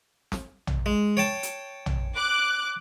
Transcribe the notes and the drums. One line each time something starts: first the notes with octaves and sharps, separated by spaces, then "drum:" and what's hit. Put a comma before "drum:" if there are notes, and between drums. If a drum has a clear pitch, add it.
drum: snare
drum: tom
G#3
C#5 G5 A5
drum: hi-hat
drum: tom
D6 F#6